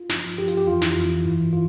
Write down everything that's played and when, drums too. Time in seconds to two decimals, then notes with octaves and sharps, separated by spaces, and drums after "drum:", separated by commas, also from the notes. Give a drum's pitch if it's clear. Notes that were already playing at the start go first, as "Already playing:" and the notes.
Already playing: F4
0.09 G2 F3, drum: snare
0.38 G2 F3 G4
0.48 F4, drum: hi-hat
0.57 G4
0.67 F2 E3 F4
0.82 E4, drum: snare
0.96 F2 E3
1.25 G2 E3
1.53 E3 F4